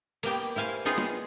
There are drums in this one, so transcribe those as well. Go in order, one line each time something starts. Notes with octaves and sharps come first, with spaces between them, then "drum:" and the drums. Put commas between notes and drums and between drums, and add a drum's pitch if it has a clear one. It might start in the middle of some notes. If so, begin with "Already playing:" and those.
A#3 B3 G4, drum: cymbal
E4 C5 F5 G#5
B3 D#4 F4 G#4 B5
drum: snare